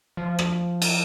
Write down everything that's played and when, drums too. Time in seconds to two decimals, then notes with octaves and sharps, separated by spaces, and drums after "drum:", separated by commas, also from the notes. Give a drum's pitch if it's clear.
0.17 F3
0.39 drum: rim click
0.82 drum: cymbal